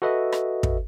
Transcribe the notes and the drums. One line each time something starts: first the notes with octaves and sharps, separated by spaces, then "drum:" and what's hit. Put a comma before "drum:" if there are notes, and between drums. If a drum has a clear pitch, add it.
F#4 A4 B4 D#5 E5
drum: rim click
drum: kick